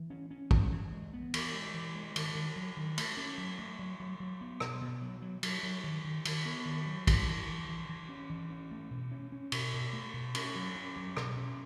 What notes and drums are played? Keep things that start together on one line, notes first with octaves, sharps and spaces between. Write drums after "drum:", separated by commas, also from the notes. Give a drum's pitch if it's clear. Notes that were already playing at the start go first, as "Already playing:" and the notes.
Already playing: E3
C#4
C#4
E3, drum: kick
E3
G#3
B3
E3, drum: cymbal
G#3
E3
G#3
D#3, drum: cymbal
D#3
F#3
D#3
A3, drum: cymbal
C#4
F#3
A3
F#3
F#3
F#3
B3
B2, drum: rim click
B2
F#3
F#3
F#3, drum: cymbal
F#3
D#3
D#3
D#3, drum: cymbal
B3
D#3
F#3
E3, drum: kick, cymbal
E3
E3
E3
E3
C#4
E3
C#4
A3
B2
C#4
C#4
B2, drum: cymbal
B2
A3
B2
C#4, drum: cymbal
F#3
C#4
F#3
B2, drum: rim click
C#4